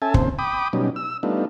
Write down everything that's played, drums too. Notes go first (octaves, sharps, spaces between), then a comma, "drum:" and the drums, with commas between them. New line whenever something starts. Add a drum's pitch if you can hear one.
C#4 A4 E5 G#5 A5
D#2 A#2 C#3 C4 C5, drum: kick
G5 B5 D6 D#6
B2 F#3 G3 C#4 D#4
E6
G3 A3 B3 D4 D#4 F4